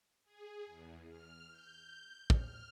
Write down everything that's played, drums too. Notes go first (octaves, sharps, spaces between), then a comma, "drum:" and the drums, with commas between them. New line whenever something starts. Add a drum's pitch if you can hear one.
G#4
E2
F6
G6
F6, drum: kick